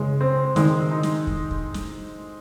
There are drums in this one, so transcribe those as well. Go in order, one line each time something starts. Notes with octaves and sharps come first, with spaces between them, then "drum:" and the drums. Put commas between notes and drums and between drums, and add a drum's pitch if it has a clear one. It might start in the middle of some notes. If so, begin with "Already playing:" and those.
Already playing: C#3 G#3
C4
D#3 G#3, drum: snare
D#4
drum: snare
drum: kick
drum: kick
drum: snare